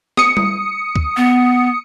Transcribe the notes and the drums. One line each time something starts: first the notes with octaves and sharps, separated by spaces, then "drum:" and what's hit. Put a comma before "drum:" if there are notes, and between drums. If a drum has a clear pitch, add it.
D#6 C#7, drum: snare
drum: tom G3
drum: kick D2
B3